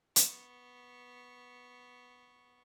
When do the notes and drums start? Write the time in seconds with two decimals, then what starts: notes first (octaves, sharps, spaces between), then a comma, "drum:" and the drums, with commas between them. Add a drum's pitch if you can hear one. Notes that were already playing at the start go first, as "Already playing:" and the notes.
0.16 B3 C#6, drum: hi-hat